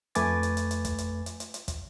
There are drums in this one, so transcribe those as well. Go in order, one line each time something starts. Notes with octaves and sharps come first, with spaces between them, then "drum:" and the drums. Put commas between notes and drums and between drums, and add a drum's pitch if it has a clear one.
F2 A3 B4 G#5 D6 A6, drum: hi-hat
drum: hi-hat
drum: hi-hat
drum: hi-hat
drum: kick, hi-hat
drum: hi-hat
drum: hi-hat
drum: hi-hat
drum: hi-hat
drum: kick, hi-hat